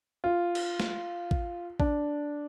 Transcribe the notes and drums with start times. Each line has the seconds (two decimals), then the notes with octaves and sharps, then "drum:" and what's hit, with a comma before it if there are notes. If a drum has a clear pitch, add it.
0.24 F4
0.55 drum: cymbal
0.80 drum: snare
1.31 drum: kick A1
1.80 D4, drum: kick A1